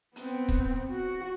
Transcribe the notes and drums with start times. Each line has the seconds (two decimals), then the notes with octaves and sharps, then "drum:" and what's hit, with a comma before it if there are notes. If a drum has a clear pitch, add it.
0.16 B3 C4, drum: hi-hat
0.49 drum: kick C#1
0.91 F#4